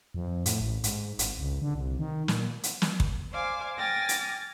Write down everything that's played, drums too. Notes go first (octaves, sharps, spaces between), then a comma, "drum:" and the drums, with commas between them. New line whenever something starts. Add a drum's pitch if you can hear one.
F2
A2, drum: hi-hat
A1
G#2, drum: hi-hat
G#1, drum: hi-hat
C#2
D3
C2
D#3
A#2, drum: snare
drum: hi-hat
drum: snare
drum: kick
C5 D5 F5 G#5 D6
G5 G#5 D6 F6 A6 A#6
drum: hi-hat